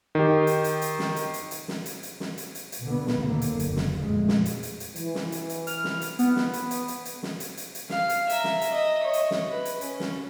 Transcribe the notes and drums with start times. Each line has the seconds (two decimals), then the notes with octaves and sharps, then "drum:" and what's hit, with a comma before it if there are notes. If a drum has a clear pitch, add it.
0.15 D#3 G4
0.47 drum: hi-hat
0.64 drum: hi-hat
0.82 drum: hi-hat
0.99 drum: snare
1.16 drum: hi-hat
1.34 drum: hi-hat
1.51 drum: hi-hat
1.68 drum: snare
1.86 drum: hi-hat
2.03 drum: hi-hat
2.20 drum: snare
2.38 drum: hi-hat
2.55 drum: hi-hat
2.72 drum: hi-hat
2.83 B2 D3 B3
3.07 drum: snare
3.17 D#2 D3 A#3
3.42 drum: hi-hat
3.60 F#1, drum: hi-hat
3.76 drum: snare
4.00 F2 A#2 G#3 A3
4.28 drum: snare
4.46 drum: hi-hat
4.63 drum: hi-hat
4.80 drum: hi-hat
4.96 E3, drum: hi-hat
5.15 drum: snare
5.32 drum: hi-hat
5.50 drum: hi-hat
5.67 F6, drum: hi-hat
5.84 drum: snare
6.01 drum: hi-hat
6.19 B3, drum: hi-hat
6.36 drum: snare
6.53 drum: hi-hat
6.71 drum: hi-hat
6.88 drum: hi-hat
7.05 drum: hi-hat
7.23 drum: snare
7.40 drum: hi-hat
7.57 drum: hi-hat
7.75 drum: hi-hat
7.90 F5, drum: snare
8.09 drum: hi-hat
8.30 E5 A#5, drum: hi-hat
8.44 drum: snare
8.61 drum: hi-hat
8.71 D#5 E5
9.03 C#5 D#5
9.13 drum: hi-hat
9.31 drum: snare
9.52 B4
9.65 drum: hi-hat
9.81 C#4, drum: hi-hat
10.00 drum: snare